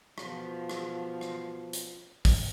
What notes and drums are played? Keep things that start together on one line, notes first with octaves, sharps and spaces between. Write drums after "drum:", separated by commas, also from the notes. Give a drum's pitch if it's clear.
B2 F3, drum: rim click
drum: rim click
drum: rim click
drum: hi-hat
drum: kick, open hi-hat